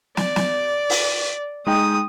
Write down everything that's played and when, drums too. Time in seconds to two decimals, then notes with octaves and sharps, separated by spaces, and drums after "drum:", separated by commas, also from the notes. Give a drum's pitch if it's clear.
0.17 D5, drum: snare
0.36 drum: snare
0.90 drum: open hi-hat
1.67 G#3 D#4 G5 D#6